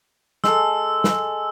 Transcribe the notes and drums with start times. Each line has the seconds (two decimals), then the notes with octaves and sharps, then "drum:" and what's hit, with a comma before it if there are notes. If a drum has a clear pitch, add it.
0.44 G#3 A4 E6, drum: snare
1.04 drum: snare